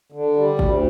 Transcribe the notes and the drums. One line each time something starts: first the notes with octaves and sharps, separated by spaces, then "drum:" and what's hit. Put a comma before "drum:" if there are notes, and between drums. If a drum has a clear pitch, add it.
D3
G3
D2, drum: kick G#1